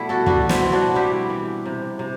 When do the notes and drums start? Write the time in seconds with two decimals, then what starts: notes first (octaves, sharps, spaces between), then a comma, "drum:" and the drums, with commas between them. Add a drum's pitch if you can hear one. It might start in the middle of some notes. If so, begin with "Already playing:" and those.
Already playing: B2 G3 A3 B3 E4
0.09 F#4 A4
0.26 G3 D4 F#4, drum: kick
0.49 C4 E4, drum: snare
0.61 B2
0.72 D4 F#4
0.95 G3 E4 G4
1.30 E3
1.66 C3
1.99 C3